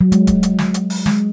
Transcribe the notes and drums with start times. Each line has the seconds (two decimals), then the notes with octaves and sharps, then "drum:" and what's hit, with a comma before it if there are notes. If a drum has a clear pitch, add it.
0.01 F#3
0.12 G#3, drum: hi-hat
0.27 drum: kick D1, hi-hat
0.43 drum: hi-hat
0.59 drum: snare
0.74 drum: hi-hat
0.90 drum: open hi-hat
1.06 G#3, drum: snare